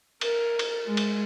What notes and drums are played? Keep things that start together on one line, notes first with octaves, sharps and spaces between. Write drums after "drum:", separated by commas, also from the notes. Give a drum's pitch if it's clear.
A#4, drum: cymbal
drum: cymbal
G#3
drum: cymbal